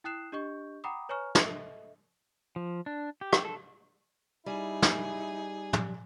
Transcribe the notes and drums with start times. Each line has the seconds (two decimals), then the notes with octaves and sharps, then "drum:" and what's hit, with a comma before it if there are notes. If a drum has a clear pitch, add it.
0.04 E4 G5 D#6 F#6 C7 E7
0.32 D4 G4 D#5 C#6 G6
0.84 F#5 G5 A#5 B5 D6 D#6
1.09 B4 C#5 G#5 A#5 C#6 F6
1.35 A4 D#5 E5, drum: snare
2.56 F3
2.86 D4
3.21 G4
3.33 drum: rim click
3.45 A4
4.46 G3 D#4 E4 G#4
4.82 drum: snare
5.73 drum: tom